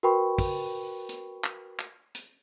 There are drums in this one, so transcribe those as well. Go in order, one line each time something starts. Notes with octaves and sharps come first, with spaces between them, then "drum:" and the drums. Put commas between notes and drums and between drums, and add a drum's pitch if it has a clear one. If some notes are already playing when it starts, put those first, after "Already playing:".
F#4 A#4 B4 G5 B5 C#6
drum: kick, open hi-hat
drum: hi-hat
drum: clap
drum: clap
drum: hi-hat